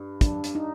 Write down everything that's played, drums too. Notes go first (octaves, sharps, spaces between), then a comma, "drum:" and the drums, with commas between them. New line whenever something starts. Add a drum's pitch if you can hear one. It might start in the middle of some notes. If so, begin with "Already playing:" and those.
Already playing: G2
D4, drum: kick, hi-hat
drum: hi-hat
D#4